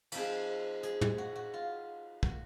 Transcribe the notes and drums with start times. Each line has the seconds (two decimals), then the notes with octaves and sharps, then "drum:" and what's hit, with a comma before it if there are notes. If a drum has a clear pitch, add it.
0.12 F3 C4 D#4 G#4, drum: cymbal
0.83 G#4, drum: hi-hat
1.01 G#4, drum: tom
1.18 F#4
1.36 F#4
1.54 F4
2.23 F#4, drum: kick